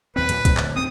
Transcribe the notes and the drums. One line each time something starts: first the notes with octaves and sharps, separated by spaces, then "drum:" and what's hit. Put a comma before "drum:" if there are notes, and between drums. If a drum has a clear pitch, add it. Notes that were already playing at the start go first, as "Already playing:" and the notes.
D#2 C4 B4
D#2 A#2, drum: hi-hat
D1, drum: kick, hi-hat
drum: clap
D2 G#3 C4 D#6